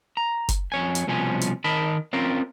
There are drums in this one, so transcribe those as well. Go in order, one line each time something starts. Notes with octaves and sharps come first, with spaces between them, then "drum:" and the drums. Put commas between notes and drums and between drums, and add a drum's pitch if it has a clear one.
A#5
drum: kick F#1, hi-hat
F2 C#5 G#5
drum: hi-hat
C2 B2 F3 C#4 G#5
drum: hi-hat
D#3 A#4 D#5 A5 B5
C4 C#4 F4 A#4